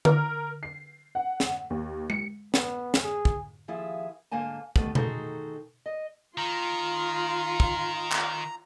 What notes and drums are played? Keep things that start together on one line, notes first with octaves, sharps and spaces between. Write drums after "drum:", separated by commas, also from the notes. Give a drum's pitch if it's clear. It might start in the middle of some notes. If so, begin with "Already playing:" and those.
A#4, drum: tom D3
C7
F#5
drum: snare
D#2
C#7, drum: tom G#3
B3, drum: snare
drum: snare
G#4
drum: kick
D#2 F3 E4 G#4 E5
G#2 D3 A#3 C5 G#5 A5
B2 D#3 G3 A3 B3, drum: kick
D#3 D#4 F#4 G#4 A4 C5, drum: tom B2
D#5
D#3 F4 A#5 C6
drum: kick
drum: clap